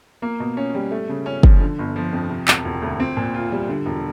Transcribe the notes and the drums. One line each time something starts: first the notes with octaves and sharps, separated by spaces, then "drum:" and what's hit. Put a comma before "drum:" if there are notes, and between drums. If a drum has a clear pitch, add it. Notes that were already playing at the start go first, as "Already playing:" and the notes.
A#3
B2
C#4
G3
A3
C#3
C#4
F3, drum: kick
D3
G1
F3
F2
C3
E1, drum: clap
E1
D2
C4
A#2
F4
G3
D3
E1